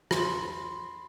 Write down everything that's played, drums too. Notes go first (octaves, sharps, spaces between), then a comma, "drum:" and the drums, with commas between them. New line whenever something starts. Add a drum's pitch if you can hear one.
B5 C6, drum: rim click